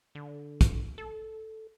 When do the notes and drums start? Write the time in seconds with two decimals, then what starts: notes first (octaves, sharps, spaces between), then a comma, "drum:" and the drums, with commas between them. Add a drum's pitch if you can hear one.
0.15 D3
0.61 drum: kick, hi-hat
0.98 A4